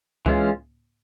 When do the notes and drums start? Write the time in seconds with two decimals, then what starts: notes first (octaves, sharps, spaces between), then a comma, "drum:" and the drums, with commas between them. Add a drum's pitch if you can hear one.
0.26 E3 G#3 C#4 F4, drum: kick C#2